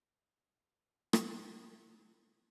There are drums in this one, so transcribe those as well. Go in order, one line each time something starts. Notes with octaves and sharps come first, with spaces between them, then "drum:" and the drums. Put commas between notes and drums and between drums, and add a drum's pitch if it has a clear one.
D4 F#4 A4
drum: rim click